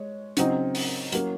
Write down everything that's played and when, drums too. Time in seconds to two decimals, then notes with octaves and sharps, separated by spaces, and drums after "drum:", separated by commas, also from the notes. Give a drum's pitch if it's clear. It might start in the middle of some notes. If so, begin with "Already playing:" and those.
Already playing: G#3 C#5
0.37 C#3 F#3 C4 D#4, drum: hi-hat
0.75 drum: open hi-hat
1.12 F#3 A#3 C#4, drum: hi-hat